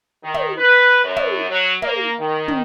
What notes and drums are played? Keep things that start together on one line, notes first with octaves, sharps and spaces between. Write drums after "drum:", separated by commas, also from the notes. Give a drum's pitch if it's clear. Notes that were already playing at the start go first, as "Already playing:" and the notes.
D#3
drum: tom
B4
F#2
drum: tom
F#3
A#3, drum: tom
D#3
drum: tom